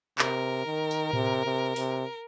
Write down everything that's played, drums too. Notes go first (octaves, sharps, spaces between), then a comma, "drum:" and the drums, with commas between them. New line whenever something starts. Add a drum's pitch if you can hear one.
C3 A#4, drum: clap
D#3
drum: tambourine
C3, drum: tom A2
C3
C3, drum: open hi-hat